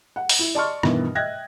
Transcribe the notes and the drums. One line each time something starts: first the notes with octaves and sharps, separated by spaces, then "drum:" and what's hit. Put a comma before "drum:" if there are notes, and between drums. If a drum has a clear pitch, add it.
F#5
drum: open hi-hat
E4
D5 D#5 A5 C6 C#6 F6
G2 B2 D#3 E3, drum: rim click
D#5 E5 G5 F#6 G#6 A#6